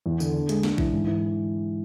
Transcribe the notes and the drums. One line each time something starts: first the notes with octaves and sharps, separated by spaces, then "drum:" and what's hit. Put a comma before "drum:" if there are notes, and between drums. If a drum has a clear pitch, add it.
E2
D3, drum: tambourine
D4
G#3, drum: hi-hat
D4, drum: snare
E3, drum: kick A#1
G#2
E3